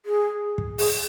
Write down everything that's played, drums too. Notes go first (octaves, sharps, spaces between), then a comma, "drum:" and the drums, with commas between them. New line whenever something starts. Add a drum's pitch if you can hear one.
G#4
drum: kick
G#4, drum: open hi-hat